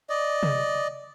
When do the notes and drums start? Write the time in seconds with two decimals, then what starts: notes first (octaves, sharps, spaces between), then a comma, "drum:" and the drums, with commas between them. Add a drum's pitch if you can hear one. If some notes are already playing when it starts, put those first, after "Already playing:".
0.09 D5 D#5
0.43 drum: tom C3